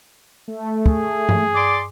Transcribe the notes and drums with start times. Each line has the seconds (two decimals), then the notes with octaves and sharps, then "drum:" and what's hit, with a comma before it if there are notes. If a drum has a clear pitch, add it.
0.48 A3
0.86 G#4, drum: kick
1.29 drum: tom G2
1.55 D5 C6 D6